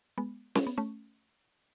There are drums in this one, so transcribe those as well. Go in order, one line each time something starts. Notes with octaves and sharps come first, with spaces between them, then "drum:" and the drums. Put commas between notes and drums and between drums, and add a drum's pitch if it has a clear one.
G#3 B3
C#4, drum: snare
B3
A3 C#4